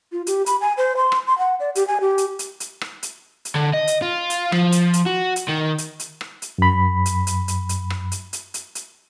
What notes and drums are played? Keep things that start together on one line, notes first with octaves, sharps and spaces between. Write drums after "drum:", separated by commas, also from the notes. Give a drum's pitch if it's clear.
F4
G4, drum: hi-hat
B5, drum: hi-hat
G#5
C5
C6
drum: rim click
C6
F#5
D5
G4, drum: hi-hat
G#5
G4
drum: hi-hat
drum: hi-hat
drum: hi-hat
drum: rim click
drum: hi-hat
drum: hi-hat
D3
D#5
drum: hi-hat
F4
drum: hi-hat
F3, drum: rim click
drum: hi-hat
drum: hi-hat
F#4
drum: hi-hat
D#3
drum: hi-hat
drum: hi-hat
drum: rim click
drum: hi-hat
F#2 B5
drum: hi-hat
drum: hi-hat
drum: hi-hat
drum: hi-hat
drum: rim click
drum: hi-hat
drum: hi-hat
drum: hi-hat
drum: hi-hat